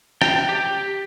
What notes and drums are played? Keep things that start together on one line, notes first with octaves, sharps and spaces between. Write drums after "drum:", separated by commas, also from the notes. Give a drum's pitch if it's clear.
G5, drum: rim click
G4